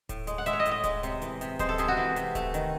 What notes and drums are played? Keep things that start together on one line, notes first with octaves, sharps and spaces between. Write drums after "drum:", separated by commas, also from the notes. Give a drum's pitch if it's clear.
A2, drum: kick D1, hi-hat
G#3, drum: hi-hat
F#5
G#3 E5, drum: hi-hat
C#5
D#5
A2, drum: hi-hat
D#5
G#3, drum: kick D1, hi-hat
C3, drum: hi-hat
E3, drum: hi-hat
C3, drum: hi-hat
G#3 C5, drum: kick D1, hi-hat
A4
C3 G#4, drum: hi-hat
F#4
E3
C3, drum: hi-hat
A3, drum: kick D1, hi-hat
D#3, drum: hi-hat